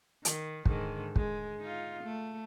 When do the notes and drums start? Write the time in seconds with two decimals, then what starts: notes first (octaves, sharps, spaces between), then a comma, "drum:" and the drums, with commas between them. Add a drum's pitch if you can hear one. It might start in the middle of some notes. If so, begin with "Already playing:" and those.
0.25 D#3, drum: hi-hat
0.66 G#2 D3 D#3, drum: kick
1.16 G#3, drum: kick
1.60 D#4 F4
2.04 A3